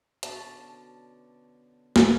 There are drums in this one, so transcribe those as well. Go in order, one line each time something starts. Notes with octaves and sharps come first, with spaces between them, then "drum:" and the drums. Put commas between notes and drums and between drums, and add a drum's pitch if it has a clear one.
B2 D3 C#4 D5 A5, drum: hi-hat
drum: snare